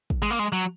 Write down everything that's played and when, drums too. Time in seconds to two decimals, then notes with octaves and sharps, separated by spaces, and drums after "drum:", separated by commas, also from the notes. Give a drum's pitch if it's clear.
0.10 drum: kick
0.22 G#3
0.31 A#3
0.39 G#3
0.52 F#3